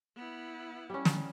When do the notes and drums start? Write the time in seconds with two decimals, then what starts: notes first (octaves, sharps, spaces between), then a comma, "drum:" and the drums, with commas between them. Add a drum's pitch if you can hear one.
0.17 B3 E4
0.90 G3 C#4
1.05 drum: snare